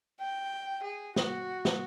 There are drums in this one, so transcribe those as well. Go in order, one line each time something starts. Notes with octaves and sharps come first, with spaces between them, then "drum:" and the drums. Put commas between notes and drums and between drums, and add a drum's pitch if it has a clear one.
G5
G#4
F#4, drum: snare
drum: snare